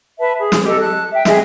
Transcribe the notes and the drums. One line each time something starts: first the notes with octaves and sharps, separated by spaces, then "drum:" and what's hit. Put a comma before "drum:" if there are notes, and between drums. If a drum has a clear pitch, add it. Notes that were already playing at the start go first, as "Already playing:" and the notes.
B4 E5 A5
G#4
drum: snare
G4 A4 D#5
A5 F#6
E5 G5
G#4 D#5 E5, drum: snare